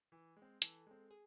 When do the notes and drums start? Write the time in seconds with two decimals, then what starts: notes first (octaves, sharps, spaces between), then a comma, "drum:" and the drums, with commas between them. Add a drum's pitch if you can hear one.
0.12 E3
0.37 G#3
0.42 C4
0.62 E3 A4, drum: hi-hat
0.87 G#3 C4
1.11 G#4